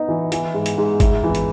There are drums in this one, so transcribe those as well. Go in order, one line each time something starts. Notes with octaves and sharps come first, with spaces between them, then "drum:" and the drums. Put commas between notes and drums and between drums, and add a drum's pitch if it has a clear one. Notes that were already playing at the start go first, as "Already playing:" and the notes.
Already playing: B3 D#4
E3
E3, drum: hi-hat
G#2
drum: hi-hat
G#2
E4, drum: kick G#1, hi-hat
E3
drum: hi-hat